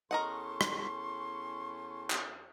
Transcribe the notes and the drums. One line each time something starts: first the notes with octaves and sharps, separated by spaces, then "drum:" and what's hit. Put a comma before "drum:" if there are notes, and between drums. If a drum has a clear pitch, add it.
E2 C#4 A4 A#4 D#5 F#5 C6 C#6
drum: rim click
drum: clap